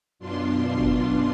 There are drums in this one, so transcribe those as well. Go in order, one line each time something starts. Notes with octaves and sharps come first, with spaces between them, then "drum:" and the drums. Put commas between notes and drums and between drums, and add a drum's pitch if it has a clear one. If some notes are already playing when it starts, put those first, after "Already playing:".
F#2 B2 D4 F4 C6
drum: kick F#1